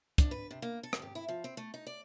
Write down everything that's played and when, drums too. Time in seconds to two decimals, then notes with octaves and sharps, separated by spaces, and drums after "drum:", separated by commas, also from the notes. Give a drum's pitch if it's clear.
0.18 D4, drum: kick, hi-hat
0.31 B4
0.51 C3
0.62 A#3
0.83 A4
0.93 drum: rim click
1.02 G4
1.15 E4
1.28 F3
1.44 C4
1.57 A3
1.74 D#4
1.87 D5